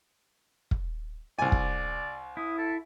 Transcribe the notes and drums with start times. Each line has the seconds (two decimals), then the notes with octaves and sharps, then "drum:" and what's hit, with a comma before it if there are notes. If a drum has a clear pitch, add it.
0.71 drum: kick
1.39 C2 D5 G#5
1.52 drum: kick
2.37 E4 D#6
2.58 A4